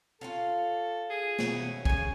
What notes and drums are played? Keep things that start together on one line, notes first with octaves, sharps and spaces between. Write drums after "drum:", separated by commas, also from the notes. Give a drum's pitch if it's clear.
F4 A4 C#5 F5
G#4
B2 A3 C#4, drum: snare
C#3 F3 G#5, drum: kick